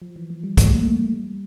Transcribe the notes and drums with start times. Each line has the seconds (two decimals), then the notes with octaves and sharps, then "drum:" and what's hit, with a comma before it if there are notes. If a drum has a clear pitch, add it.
0.02 F3
0.16 E3
0.30 F3
0.43 G3
0.57 A3, drum: kick, hi-hat
0.73 A#3
0.85 A3
1.01 A3
1.14 G3